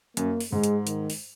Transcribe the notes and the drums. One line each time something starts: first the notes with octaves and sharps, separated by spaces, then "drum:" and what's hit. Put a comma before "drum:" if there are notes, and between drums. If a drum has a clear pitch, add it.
F#2 A#3, drum: hi-hat
drum: open hi-hat
G#2 G#3
drum: hi-hat
D#3, drum: hi-hat
drum: open hi-hat